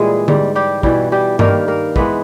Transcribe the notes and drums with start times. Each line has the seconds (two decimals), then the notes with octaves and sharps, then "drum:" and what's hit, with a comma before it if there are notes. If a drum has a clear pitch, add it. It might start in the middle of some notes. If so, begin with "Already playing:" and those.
Already playing: A#2 E3 G3 G#3 E4 G#4
0.28 G#2 G3, drum: tom D3
0.55 G3 G4
0.83 B2 E3 G3 E4, drum: kick
1.12 G3 G4
1.39 G2 D#3 G3 A#3 A#4, drum: tom G2
1.68 A#3 A#4
1.96 G#2 E3 G#3 B3 B4, drum: kick